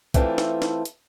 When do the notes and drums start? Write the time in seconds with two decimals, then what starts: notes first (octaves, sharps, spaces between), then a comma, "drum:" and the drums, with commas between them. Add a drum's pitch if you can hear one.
0.14 E3 A3 C4 D4 E4 F4, drum: kick B1, hi-hat
0.38 drum: snare
0.62 drum: snare
0.85 drum: hi-hat